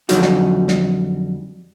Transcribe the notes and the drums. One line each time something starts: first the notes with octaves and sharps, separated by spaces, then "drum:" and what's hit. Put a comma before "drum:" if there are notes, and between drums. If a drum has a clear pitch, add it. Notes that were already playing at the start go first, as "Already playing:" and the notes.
F2 D3 F#3 G3 D#4 F#4, drum: hi-hat
drum: snare
drum: snare